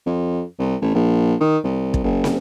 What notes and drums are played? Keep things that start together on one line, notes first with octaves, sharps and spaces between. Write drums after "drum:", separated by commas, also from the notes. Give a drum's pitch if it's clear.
F2
C2
A1
A#1
D#3
C2
drum: kick
F#1
drum: snare